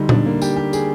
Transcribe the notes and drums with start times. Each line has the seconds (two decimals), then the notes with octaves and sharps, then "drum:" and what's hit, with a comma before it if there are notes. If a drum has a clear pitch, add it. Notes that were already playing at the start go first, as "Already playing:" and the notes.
Already playing: D2 D3 G3 D#4
0.09 D4, drum: tom A#2
0.26 A#3
0.42 G4, drum: tambourine
0.56 G4
0.73 G#4, drum: tambourine